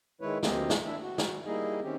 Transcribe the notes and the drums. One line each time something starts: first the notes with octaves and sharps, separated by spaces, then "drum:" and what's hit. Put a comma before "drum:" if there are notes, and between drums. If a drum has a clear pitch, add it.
D#3 G#3 E4 B4 C#5
D2 F3 A#3 C4 G4 D#5, drum: snare
drum: snare
D4 E4 E5
F#4
drum: snare
G3 A#3 D#4 E4 G#4 D#5
D#3 C4 C#4 G4